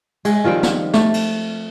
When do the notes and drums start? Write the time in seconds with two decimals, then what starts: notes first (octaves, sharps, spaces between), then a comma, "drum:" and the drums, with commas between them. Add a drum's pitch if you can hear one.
0.25 G#3, drum: cymbal
0.44 D#3 F3 G3 C4
0.63 drum: snare
0.94 A3, drum: snare
1.14 drum: cymbal